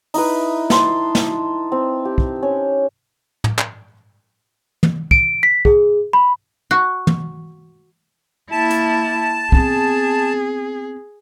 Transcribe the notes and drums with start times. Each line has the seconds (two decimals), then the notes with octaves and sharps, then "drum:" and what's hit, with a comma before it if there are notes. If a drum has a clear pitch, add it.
0.14 D#4 E4 B4, drum: open hi-hat
0.70 A5 C6, drum: snare
1.15 drum: snare
1.72 C4
2.05 G4
2.18 drum: kick
2.43 C#4
3.44 drum: tom
3.59 drum: clap
4.83 drum: tom
5.11 D7, drum: kick
5.43 B6
5.65 G#4, drum: kick
6.13 B5
6.71 F#4
7.07 drum: tom
8.52 A#3 E4 A5
8.70 drum: hi-hat
9.52 B3 C4 G#4, drum: kick